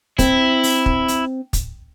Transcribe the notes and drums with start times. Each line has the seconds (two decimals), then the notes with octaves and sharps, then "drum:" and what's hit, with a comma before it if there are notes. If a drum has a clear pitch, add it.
0.19 C4 E4, drum: kick, hi-hat
0.63 drum: open hi-hat
0.86 drum: kick
1.08 drum: hi-hat
1.53 drum: kick, hi-hat